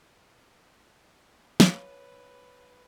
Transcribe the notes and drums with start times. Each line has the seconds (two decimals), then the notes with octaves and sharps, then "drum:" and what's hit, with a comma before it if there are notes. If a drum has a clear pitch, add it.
1.60 B4 C#5 F5, drum: snare